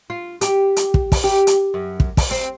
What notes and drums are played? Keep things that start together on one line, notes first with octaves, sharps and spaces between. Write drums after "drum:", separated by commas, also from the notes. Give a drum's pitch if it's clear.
F4
G4, drum: hi-hat
drum: hi-hat
drum: kick
drum: kick, open hi-hat
G4
drum: hi-hat
F#2
drum: kick
drum: kick, open hi-hat
C4